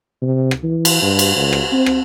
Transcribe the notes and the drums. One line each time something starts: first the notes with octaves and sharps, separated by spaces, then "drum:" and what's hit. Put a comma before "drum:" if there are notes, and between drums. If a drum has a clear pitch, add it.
C3
drum: rim click
E3
drum: cymbal
G2
drum: cymbal
C#2
drum: rim click
C4
drum: rim click